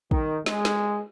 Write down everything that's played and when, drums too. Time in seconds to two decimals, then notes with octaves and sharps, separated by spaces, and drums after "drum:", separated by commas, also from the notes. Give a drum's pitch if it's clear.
0.11 D#3, drum: kick
0.46 G#3, drum: snare
0.65 drum: snare